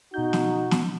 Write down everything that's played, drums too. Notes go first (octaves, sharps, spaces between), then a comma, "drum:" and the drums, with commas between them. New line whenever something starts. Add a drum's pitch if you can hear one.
B2 D#4 F#4 G6
drum: snare
drum: snare